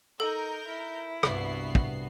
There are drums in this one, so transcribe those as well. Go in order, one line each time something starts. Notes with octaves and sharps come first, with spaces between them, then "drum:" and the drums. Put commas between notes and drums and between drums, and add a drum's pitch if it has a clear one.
D#4 A4 A#4 G6
E4
C2 G2 B3 F#4 C7, drum: rim click
drum: kick